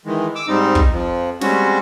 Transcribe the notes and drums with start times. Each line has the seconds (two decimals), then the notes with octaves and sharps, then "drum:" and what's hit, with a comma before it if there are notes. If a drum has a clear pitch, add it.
0.06 D#3 E3 G#3
0.35 D6 E6
0.48 G#2 G3 C4 D#4
0.75 drum: kick
0.91 F2 F3
1.41 G3 G#3 C4 C#4 F#4, drum: snare